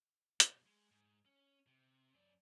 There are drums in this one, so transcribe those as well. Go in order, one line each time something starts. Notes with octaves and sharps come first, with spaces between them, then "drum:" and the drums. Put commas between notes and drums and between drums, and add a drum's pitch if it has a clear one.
B2 G3, drum: hi-hat
G#3
G#2
C#4
C3
F#2 D5